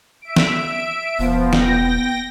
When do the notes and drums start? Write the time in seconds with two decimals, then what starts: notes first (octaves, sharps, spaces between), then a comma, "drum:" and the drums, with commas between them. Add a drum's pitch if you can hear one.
0.21 E5 D7
0.36 drum: snare
1.19 E1 F3 B3
1.53 G5 A#6, drum: snare